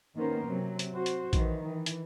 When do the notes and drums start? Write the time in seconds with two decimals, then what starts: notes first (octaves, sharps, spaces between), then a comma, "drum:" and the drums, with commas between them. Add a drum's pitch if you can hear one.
0.15 D#3 A#3 B3 C#4 A#4 C5
0.46 C3 F#3 C4
0.79 drum: hi-hat
0.93 F#4 C5
1.06 drum: hi-hat
1.33 D#3 E3, drum: kick A#1, hi-hat
1.66 E3
1.86 drum: hi-hat